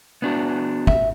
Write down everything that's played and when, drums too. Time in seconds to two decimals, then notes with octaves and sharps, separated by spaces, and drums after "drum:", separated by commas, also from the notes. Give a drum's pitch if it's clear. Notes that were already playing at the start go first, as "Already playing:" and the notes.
0.22 B3 D4 F#4
0.87 E5, drum: kick